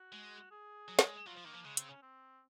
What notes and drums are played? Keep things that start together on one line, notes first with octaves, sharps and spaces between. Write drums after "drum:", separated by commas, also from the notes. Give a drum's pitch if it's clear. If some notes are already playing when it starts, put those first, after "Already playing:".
Already playing: F#4
G#3
G#4
F#3
F#3, drum: snare
G#3
F#3 F4
F3
D#3 A#3
F3
C#3 G#3
C4, drum: hi-hat
C#4
C4